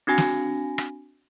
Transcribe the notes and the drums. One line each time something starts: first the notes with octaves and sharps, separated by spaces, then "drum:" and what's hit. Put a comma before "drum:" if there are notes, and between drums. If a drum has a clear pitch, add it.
C4 D4 F#4 G#5 A#6
drum: snare
drum: rim click